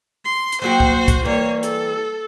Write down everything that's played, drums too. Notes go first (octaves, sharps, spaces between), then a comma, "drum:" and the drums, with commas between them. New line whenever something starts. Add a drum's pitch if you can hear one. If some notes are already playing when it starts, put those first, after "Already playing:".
C6
drum: hi-hat
F#3 A#3 F#4 G4 C5
drum: kick
drum: kick, hi-hat
E3 G3 A#3 C#5
A4, drum: hi-hat